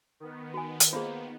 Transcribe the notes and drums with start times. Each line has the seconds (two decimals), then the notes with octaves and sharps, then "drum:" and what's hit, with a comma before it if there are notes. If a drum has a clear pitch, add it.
0.20 D#3 B3
0.54 F#4 G#5
0.80 drum: hi-hat
0.93 A#3 F4 G#4 C5